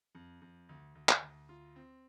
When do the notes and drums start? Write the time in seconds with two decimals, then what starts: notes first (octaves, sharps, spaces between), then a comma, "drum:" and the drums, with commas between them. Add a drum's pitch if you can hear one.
0.15 F2
0.42 F2
0.69 D2
0.95 D2
1.09 drum: clap
1.22 D2
1.49 F4
1.76 C4